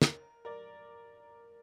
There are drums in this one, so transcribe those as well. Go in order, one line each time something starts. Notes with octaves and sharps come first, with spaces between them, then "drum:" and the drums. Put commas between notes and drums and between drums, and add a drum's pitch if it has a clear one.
A#4, drum: snare
A#4 D5